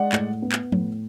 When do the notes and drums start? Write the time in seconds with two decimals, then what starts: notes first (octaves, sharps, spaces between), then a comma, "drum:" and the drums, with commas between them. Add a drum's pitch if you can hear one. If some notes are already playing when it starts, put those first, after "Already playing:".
Already playing: G#3 D5 F#5
0.12 A2, drum: clap
0.42 B3
0.52 drum: clap
0.72 A2, drum: tom F3